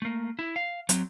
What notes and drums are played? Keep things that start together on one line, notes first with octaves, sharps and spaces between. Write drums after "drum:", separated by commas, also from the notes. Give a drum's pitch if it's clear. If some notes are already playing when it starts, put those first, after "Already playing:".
A3 A#3
E4
F5
F#3 C4, drum: hi-hat